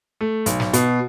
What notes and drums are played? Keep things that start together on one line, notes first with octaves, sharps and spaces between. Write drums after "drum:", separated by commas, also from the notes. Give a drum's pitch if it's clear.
A3
B1, drum: hi-hat
drum: snare
B2, drum: hi-hat